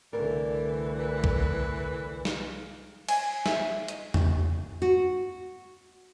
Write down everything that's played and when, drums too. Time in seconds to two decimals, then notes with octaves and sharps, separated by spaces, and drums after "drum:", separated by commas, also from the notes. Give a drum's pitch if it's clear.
0.13 C2 D3 E3 A3 A#4 D5
1.00 A#4 B4
1.24 drum: kick
2.25 drum: snare
3.08 G#5, drum: cymbal
3.46 E5, drum: snare
3.88 D#5, drum: hi-hat
4.14 drum: tom E2
4.82 F#4